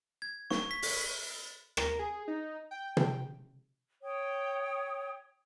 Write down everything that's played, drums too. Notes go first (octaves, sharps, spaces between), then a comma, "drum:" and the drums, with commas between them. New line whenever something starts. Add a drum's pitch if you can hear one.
G#6
C#6, drum: snare
B6
drum: open hi-hat
A#4, drum: rim click
G#4
D#4
G5
drum: tom
C#5 G5 D#6